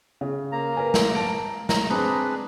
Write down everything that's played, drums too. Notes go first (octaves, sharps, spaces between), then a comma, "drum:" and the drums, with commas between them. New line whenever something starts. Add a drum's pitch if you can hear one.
C#3
A#3 A#5
A#4 B4 G#5
drum: snare
A5 D7
A#5, drum: snare
C4 D4 G#4 B4